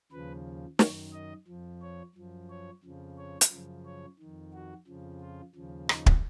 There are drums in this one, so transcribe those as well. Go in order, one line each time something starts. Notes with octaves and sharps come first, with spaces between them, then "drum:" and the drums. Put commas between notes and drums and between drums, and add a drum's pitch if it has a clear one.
D#2 C#3 F3 B4
F#2 D#3 C#5, drum: snare
D#5
F2 F3
C#5
F#2 F3
C#5
F2 C#3 F3
C#5
drum: hi-hat
F#2 C#3 F3
C#5
F2 D#3
F#4
F2 C#3 F3
F4
D#2 C#3 F3
D#4, drum: rim click
drum: kick